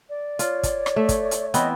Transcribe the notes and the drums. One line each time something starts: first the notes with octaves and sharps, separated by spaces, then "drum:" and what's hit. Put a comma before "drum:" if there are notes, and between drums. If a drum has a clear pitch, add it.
D5
F4 C#5, drum: hi-hat
drum: kick, hi-hat
drum: rim click
A3 E5
drum: kick, hi-hat
drum: hi-hat
E3 B3 C4 D#5, drum: hi-hat